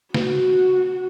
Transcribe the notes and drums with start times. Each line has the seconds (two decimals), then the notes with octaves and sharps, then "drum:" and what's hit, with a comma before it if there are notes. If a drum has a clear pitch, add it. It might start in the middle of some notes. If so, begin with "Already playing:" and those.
0.14 F#4, drum: snare